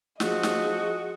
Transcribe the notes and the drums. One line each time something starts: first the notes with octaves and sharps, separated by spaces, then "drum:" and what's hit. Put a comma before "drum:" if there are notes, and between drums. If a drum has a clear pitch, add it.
F3 F#4 G#4 D#5, drum: snare
drum: snare